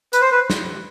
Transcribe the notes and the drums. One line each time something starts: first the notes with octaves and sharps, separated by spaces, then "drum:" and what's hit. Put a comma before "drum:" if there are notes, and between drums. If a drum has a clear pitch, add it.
B4, drum: hi-hat
C5
B4
drum: snare